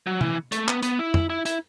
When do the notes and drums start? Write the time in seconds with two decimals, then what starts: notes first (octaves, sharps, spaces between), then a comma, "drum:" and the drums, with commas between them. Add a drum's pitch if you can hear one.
0.07 F#3
0.21 E3, drum: tom
0.52 A3, drum: hi-hat
0.68 B3, drum: clap
0.83 B3, drum: hi-hat
0.99 E4
1.14 drum: tom
1.30 E4
1.46 E4, drum: hi-hat